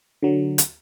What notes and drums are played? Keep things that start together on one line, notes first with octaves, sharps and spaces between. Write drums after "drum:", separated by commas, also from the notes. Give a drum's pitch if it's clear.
D3 F#3
drum: hi-hat